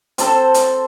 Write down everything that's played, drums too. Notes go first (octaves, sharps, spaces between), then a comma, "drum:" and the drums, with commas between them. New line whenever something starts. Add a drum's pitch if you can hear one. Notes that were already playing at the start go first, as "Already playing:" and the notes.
C4 A4 C5, drum: hi-hat
drum: hi-hat